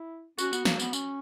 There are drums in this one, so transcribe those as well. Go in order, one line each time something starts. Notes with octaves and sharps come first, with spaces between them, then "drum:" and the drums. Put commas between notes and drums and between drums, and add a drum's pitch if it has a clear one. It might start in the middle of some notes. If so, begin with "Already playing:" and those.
Already playing: E4
C#4 F#4, drum: tambourine
B3, drum: tambourine
A#3, drum: snare
B3, drum: tambourine
C#4, drum: tambourine